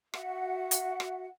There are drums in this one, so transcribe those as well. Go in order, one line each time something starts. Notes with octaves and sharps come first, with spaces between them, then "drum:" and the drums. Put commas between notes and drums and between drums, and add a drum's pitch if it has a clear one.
F#4 E5 F#5, drum: rim click
drum: hi-hat
drum: rim click